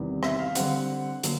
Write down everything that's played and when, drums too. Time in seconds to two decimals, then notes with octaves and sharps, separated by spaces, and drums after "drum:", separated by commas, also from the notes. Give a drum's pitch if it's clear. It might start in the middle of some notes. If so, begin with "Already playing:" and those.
Already playing: E2 C3 D#3 G3 B3
0.23 E5, drum: rim click
0.39 F5
0.55 D3 G3 C4 F#5, drum: hi-hat
1.23 D3 F#3 A#3, drum: hi-hat